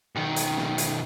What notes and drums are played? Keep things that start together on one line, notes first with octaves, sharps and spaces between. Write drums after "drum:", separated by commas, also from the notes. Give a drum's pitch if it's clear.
B1 D#3
drum: hi-hat
drum: snare
drum: hi-hat